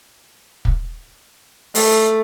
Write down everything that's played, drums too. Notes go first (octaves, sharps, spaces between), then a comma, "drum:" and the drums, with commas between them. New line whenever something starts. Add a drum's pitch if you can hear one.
drum: kick
A3, drum: open hi-hat